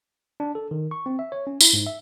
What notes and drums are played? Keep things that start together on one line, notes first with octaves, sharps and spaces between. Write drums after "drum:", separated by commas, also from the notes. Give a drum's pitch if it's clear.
D4
A4
D#3
C#6
C4
E5
C#5
C#4
E4, drum: tambourine
G#2
E5